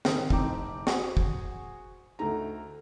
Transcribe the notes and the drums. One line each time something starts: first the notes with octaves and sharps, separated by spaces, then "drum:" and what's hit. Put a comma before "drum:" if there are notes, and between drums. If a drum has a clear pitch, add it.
G#1 D#3 G#4, drum: snare
F1 C4 D#4 G5 D6, drum: kick
F#4 G#4 C5 F#5 G#5 C#6, drum: snare
drum: kick
D2 A3 D#4 A#5